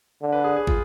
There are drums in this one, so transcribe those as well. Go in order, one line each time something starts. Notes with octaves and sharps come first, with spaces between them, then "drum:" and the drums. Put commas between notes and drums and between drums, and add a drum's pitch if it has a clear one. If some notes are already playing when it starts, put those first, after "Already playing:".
D3
B4
G#4
G#4
F4, drum: kick